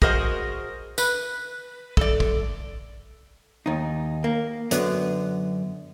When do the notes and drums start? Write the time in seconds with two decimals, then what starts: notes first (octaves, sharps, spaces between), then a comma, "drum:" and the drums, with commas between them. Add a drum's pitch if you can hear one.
0.02 F#4 G#4 A#4 C5 D#5 F#5, drum: kick
0.98 B4, drum: tambourine
1.97 A4 D5, drum: kick
2.20 drum: kick
3.66 D#2 D#4
4.24 A#3
4.71 F#2 D3 B3, drum: hi-hat